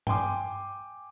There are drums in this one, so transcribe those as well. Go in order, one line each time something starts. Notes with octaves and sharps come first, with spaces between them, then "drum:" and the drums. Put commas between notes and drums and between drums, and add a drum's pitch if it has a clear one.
G5 G#5 C6 D6, drum: tom G2